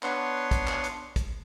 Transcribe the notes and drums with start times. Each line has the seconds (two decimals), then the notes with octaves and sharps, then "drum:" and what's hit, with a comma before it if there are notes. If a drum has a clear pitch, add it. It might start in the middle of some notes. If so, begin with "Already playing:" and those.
0.03 B3 D4 B4 C#5 F#5 C6, drum: clap
0.51 drum: kick, hi-hat
0.68 drum: clap
0.84 drum: hi-hat
1.16 drum: kick, hi-hat